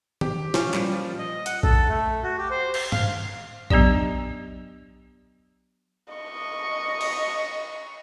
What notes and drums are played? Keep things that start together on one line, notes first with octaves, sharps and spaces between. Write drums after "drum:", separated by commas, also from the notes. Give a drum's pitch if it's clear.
G4, drum: tom D#3
F3 C#4, drum: snare
A#2 G3, drum: clap
F3
D#5
F#5, drum: hi-hat
A4, drum: kick A#1
A3
F#4
G4
C5
C5, drum: cymbal
F5, drum: tom G2
F#3 B3 D4 G4 D5, drum: kick A#1
D#5 C#6
drum: cymbal